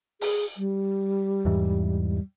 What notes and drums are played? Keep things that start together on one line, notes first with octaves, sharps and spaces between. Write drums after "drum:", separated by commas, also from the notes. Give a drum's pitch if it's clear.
G#4, drum: open hi-hat
G3
E2 G#2 E3